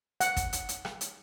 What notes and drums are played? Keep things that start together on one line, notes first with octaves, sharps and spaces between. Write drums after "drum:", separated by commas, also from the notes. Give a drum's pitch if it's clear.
F#5, drum: hi-hat
drum: kick, hi-hat
drum: hi-hat
drum: hi-hat
drum: rim click
drum: hi-hat